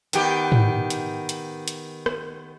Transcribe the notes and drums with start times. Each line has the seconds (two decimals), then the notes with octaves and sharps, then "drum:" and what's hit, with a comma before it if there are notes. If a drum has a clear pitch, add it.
0.13 D#3 B3 G4, drum: hi-hat
0.52 drum: tom G#2
0.90 drum: hi-hat
1.29 drum: hi-hat
1.68 drum: hi-hat
2.06 drum: rim click